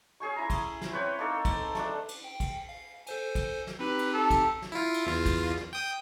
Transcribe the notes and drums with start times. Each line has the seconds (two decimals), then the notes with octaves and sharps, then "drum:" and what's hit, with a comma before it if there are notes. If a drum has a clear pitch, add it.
0.20 C#4 G#4 G#5 C#6
0.36 E4 A#5
0.50 drum: kick, cymbal
0.82 drum: snare
0.92 C4 B4 C#5 G5
1.19 A#3 D#4 A4
1.45 drum: kick, cymbal
1.75 A3 D4, drum: snare
2.08 drum: cymbal
2.24 G5
2.40 drum: kick, cymbal
2.69 F5
3.07 A4 C5 G#5, drum: cymbal
3.35 drum: kick, cymbal
3.67 drum: snare
3.79 C4 D#4 G4 B4
3.99 drum: cymbal
4.13 A4
4.31 drum: kick, cymbal
4.62 drum: snare
4.72 E4 F4
4.94 drum: cymbal
5.06 E2 F4
5.26 drum: kick, cymbal
5.57 drum: snare
5.73 G5 D#6